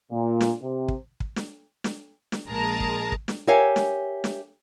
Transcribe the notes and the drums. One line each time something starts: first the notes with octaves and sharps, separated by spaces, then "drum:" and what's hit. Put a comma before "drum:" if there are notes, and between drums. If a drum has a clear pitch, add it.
A#2
drum: snare
C3
drum: kick
drum: kick
drum: snare
drum: snare
drum: snare
A#1 G#3 G#4 A#4 A5 A#5
drum: kick
drum: kick
drum: snare
G4 A#4 C#5 E5 F5 G#5
drum: snare
drum: snare